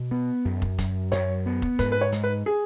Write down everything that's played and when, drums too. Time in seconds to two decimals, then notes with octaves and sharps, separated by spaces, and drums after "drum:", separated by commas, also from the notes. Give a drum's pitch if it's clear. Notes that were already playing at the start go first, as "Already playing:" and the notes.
Already playing: B2
0.11 B3
0.45 F#2
0.62 drum: kick
0.78 F#2, drum: kick, hi-hat
1.12 F#2 C#5, drum: hi-hat
1.46 B3
1.62 drum: kick
1.79 G#2 B4, drum: kick, hi-hat
1.92 B4
2.01 C#5
2.12 G#2, drum: hi-hat
2.23 B4
2.46 G#4